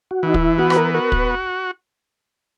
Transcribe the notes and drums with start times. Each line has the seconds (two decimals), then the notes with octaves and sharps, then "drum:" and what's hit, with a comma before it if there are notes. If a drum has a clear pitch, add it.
0.11 F#4
0.23 E3 D#4
0.34 E4, drum: kick
0.58 B3 F#4
0.70 B4, drum: rim click
0.76 A#4
0.94 F#4 A#4
1.12 B4, drum: kick